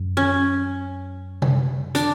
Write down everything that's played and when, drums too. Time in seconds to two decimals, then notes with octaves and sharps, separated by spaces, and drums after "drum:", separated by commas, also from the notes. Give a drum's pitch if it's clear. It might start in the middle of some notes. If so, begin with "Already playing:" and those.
Already playing: F#2
0.17 C#4
1.42 drum: tom C3
1.95 D4, drum: hi-hat